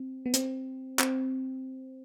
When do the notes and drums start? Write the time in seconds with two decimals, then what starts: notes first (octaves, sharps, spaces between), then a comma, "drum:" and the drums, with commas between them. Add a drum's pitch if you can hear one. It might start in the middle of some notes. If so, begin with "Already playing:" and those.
Already playing: C4
0.26 B3
0.34 C4, drum: hi-hat
0.99 C4, drum: clap